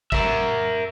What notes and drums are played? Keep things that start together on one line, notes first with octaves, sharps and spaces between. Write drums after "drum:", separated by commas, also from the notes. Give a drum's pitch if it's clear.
A#4 E5, drum: kick